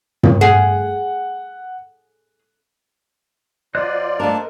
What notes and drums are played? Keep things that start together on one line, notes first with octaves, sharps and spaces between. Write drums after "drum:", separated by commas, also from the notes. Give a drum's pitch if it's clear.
drum: tom
G#4 F#5
F#3 F4 C5 D5 D#5 F#6
A3 A#3 D4 A#4 A5